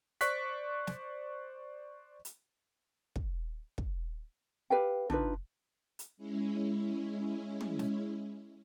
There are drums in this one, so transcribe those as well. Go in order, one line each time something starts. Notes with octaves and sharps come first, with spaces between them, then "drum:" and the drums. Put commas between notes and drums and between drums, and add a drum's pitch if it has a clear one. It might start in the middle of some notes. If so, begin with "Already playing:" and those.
C5 D5 C#6 F#6 B6, drum: hi-hat
drum: snare
drum: hi-hat
drum: kick
drum: kick
G4 B4 F5 G5
D4 D#4 F4 B4, drum: tom
drum: hi-hat
G#3 C#4 E4
drum: tom
drum: snare